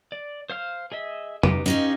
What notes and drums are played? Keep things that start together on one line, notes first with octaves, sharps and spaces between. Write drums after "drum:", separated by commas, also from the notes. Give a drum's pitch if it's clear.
D5
C5 F5 F6
G#4 D#5 E5
D#4 G4 B4, drum: tom F2
C#4 D#4 G4 C#5 D#5 F5